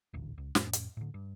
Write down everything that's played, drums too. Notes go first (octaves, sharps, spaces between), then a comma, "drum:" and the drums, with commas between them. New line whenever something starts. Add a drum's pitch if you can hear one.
D#1 A1 D2
C#2
F2 A2 C#4, drum: snare
drum: hi-hat
A2 D3
G2